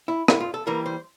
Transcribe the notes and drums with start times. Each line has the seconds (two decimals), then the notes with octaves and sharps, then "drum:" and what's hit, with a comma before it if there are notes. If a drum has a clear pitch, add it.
0.08 E4
0.28 E4, drum: rim click
0.40 F4
0.54 A4
0.67 E3 G3 A#3 A#4
0.86 C5